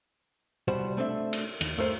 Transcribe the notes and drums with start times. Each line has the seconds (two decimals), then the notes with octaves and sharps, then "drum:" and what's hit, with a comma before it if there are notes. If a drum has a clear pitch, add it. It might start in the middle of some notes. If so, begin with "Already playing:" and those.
0.68 C2 B2 G3 F#4 C5
0.97 A3 C4 D4 D5 E5
1.33 drum: cymbal
1.61 D#2, drum: cymbal
1.78 G2 A3 A#4 C5